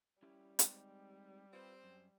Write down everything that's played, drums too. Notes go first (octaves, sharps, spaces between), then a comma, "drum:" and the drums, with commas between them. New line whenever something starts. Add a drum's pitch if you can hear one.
G3 C#4 E4 G4
G#3 C4 D#4, drum: hi-hat
C4 F4 B4 C5
F#2